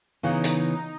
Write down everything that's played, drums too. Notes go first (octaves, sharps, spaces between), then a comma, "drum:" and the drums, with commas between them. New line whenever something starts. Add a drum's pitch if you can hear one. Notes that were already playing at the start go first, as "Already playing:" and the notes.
C#3 E3 B3 D#4
drum: hi-hat
D#4